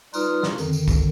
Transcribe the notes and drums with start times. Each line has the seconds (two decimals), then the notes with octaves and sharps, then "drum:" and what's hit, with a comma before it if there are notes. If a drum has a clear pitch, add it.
0.14 G3 D#4 F4 B4 D#6 F6, drum: tambourine
0.43 drum: snare
0.58 F2 D3 D#3, drum: tambourine
0.73 drum: tambourine
0.88 drum: kick A1, tambourine